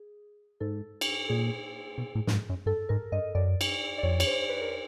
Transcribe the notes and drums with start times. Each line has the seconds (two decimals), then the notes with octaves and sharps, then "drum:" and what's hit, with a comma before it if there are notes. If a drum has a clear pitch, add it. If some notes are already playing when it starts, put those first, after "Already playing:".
Already playing: G#4
0.60 G#2 A4
1.01 drum: cymbal
1.29 A#2 G#4
1.98 B2
2.15 A2
2.27 A2, drum: snare
2.32 G#2
2.49 F#2
2.66 G2 A4
2.89 G#2 A#4
3.12 G2 D#5
3.35 F#2 D5
3.61 drum: cymbal
3.98 D5
4.03 F2 C#5
4.20 C#5, drum: cymbal
4.27 C5
4.49 B4
4.61 A#4